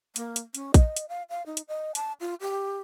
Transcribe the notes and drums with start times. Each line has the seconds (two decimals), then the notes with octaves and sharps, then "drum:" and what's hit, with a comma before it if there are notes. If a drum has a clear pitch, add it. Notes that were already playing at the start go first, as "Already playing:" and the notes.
0.16 A#3, drum: hi-hat
0.36 drum: hi-hat
0.54 C#4, drum: hi-hat
0.74 D#5, drum: kick A#1, hi-hat
0.96 drum: hi-hat
1.09 F5
1.30 F5
1.46 D#4
1.57 drum: hi-hat
1.68 D#5
1.95 A5, drum: hi-hat
2.21 F4
2.41 G4